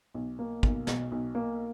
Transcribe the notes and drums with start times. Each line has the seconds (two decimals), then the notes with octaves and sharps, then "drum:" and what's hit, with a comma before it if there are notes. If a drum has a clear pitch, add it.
0.14 B1
0.39 A#3
0.63 B1, drum: kick
0.87 B2, drum: snare
1.12 B1
1.35 A#3